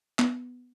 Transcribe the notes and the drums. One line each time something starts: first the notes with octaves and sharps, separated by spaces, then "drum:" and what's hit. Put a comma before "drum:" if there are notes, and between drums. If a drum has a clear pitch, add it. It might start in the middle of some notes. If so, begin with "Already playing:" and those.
B3, drum: clap